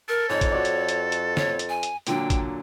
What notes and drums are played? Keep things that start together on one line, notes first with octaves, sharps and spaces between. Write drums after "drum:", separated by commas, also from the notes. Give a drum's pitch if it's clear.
A4 A#4
F2 G#2 C#5
drum: kick, hi-hat
F#4 D5
drum: hi-hat
drum: hi-hat
drum: hi-hat
C#5, drum: snare
drum: hi-hat
G#5
drum: hi-hat
A#2 D3 F#3 G5, drum: hi-hat
drum: kick, hi-hat